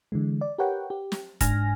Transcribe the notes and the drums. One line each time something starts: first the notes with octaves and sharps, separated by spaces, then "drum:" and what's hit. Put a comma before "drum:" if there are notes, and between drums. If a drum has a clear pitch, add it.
D3 E3 G#3
D5
G4 A#4 B4 C#5 F#5 G5
G4
drum: snare
G#2 D4 G#5 F6 A#6, drum: kick, hi-hat